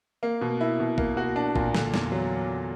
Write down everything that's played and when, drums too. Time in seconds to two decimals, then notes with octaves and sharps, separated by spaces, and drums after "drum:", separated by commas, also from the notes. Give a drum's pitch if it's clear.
0.23 A#3
0.41 B2
0.61 E4
0.80 B2
0.98 A#3, drum: kick G#1
1.17 F#4
1.36 D4
1.56 A#2, drum: kick G#1
1.75 D3, drum: snare
1.94 E2, drum: snare
2.12 F#3